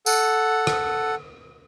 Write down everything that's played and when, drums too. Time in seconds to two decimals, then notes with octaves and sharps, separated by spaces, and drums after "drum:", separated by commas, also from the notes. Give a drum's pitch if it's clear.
0.06 A4 F#5, drum: tambourine
0.67 drum: rim click